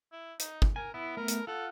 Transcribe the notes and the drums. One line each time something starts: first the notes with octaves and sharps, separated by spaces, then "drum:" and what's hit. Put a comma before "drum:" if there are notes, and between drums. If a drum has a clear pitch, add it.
E4
D#4, drum: hi-hat
drum: kick
A#4 G#5
B3 E4
A3 B3 A#4
drum: hi-hat
F4 A4 F#5